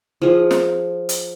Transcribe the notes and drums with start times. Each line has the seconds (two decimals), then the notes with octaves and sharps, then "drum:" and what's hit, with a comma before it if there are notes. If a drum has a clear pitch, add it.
0.22 F3 G#4
0.51 drum: snare
1.09 drum: hi-hat